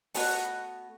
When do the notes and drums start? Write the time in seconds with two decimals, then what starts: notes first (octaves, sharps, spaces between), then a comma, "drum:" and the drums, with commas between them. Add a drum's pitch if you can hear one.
0.14 A3 B3 F#4 D#5, drum: open hi-hat